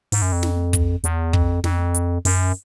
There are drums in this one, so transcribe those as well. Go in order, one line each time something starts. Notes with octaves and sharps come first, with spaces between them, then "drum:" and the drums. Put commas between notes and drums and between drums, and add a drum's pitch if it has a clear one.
G#2, drum: open hi-hat
F#2
F2
drum: snare
drum: kick, hi-hat
E2, drum: hi-hat
F2, drum: kick
F2, drum: snare
drum: hi-hat
F#2, drum: open hi-hat